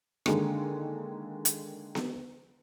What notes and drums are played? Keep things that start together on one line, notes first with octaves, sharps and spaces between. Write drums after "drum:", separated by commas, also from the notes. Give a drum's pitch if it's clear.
D3 D#3 G#3 A#3, drum: rim click
drum: hi-hat
drum: snare B3